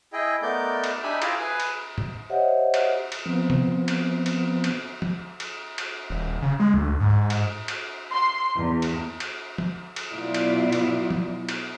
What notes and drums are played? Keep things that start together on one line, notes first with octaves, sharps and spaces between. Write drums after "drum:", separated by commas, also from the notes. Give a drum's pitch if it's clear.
E4 G#4 D#5 G5
A3 B3 D#4 A#4 D5 G6
drum: cymbal
D4 D#4 G4 E5 G#5 B5
E4 F4 G4 G#4 A#5, drum: cymbal
G#4 B4 G#5
drum: cymbal
drum: tom
G4 C5 C#5 D#5 E5 F#5
drum: cymbal
drum: cymbal
F3 B3 C4
drum: tom
drum: cymbal
drum: cymbal
drum: cymbal
drum: tom
drum: cymbal
drum: cymbal
D#1
C#3
G#3
D2
G#2
G#2
drum: cymbal
drum: cymbal
C6
E2
drum: cymbal
drum: cymbal
drum: tom
drum: cymbal
B2 F#3 B3 E4 F4 D5
drum: cymbal
drum: cymbal
drum: tom
drum: cymbal